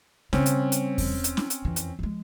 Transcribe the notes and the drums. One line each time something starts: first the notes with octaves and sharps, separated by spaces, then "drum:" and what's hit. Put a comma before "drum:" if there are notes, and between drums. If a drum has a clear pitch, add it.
C#3 G3 C4 C#4, drum: snare
drum: hi-hat
drum: hi-hat
drum: kick E2, open hi-hat
drum: hi-hat
drum: snare
drum: hi-hat
F2 E3
drum: hi-hat
F3 G#3